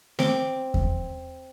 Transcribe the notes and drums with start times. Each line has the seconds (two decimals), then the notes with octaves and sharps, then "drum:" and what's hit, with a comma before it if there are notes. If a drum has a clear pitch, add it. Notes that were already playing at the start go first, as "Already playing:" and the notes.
0.19 C4 D6, drum: snare A3
0.74 drum: kick E2